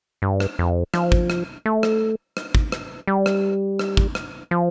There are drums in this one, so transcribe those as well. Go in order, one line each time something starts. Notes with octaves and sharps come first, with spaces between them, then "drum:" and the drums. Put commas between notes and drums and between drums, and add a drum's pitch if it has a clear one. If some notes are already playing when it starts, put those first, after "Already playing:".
G2
drum: rim click
F2
F3, drum: rim click
drum: kick
drum: rim click
A3
drum: rim click
drum: rim click
drum: kick
drum: rim click
G3
drum: rim click
drum: rim click
drum: kick
drum: rim click
F3